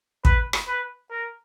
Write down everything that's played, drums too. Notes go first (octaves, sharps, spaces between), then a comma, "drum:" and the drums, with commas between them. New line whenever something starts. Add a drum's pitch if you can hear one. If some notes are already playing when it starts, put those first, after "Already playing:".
B4, drum: kick
drum: rim click
B4
A#4